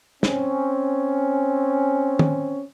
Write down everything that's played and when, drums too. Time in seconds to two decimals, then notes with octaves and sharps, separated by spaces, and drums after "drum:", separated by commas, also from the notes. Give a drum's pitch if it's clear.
0.23 C4 C#4, drum: snare
2.19 drum: tom D#3